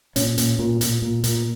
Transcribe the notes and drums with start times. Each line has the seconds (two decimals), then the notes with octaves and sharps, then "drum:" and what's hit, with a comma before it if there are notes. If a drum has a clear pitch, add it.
0.16 A#2 C#4, drum: hi-hat
0.38 A#2, drum: hi-hat
0.59 A#2
0.81 A#2, drum: hi-hat
1.02 A#2
1.24 A#2, drum: hi-hat